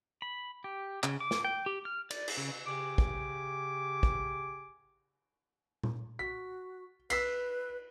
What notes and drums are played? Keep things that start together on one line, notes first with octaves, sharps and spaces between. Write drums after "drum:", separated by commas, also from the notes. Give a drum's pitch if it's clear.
B5
G4
C#3, drum: clap
D6
drum: snare
G5
G4
F6
D5, drum: cymbal
drum: cymbal
C#3
C#3 G4 G#5 D6
drum: kick
drum: kick
drum: tom A#2
F#4 B6
B4 E6 B6 C7, drum: cymbal